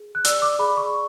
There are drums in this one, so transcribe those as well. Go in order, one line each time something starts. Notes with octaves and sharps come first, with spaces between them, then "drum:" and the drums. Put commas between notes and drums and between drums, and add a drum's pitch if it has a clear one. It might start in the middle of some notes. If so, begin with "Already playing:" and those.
Already playing: G#4
F#6
D5 E6, drum: hi-hat
D6
G#4 B5
C#6